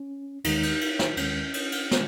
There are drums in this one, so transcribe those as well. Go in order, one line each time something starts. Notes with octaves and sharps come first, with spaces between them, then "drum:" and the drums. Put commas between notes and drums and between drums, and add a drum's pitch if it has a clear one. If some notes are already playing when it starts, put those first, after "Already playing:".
Already playing: C#4
D#2 D#3 G#3 D#4, drum: cymbal
drum: cymbal
drum: cymbal
drum: snare
D#2 D#3 G#3 C#4, drum: cymbal
drum: cymbal
drum: cymbal
D#3 G#3, drum: snare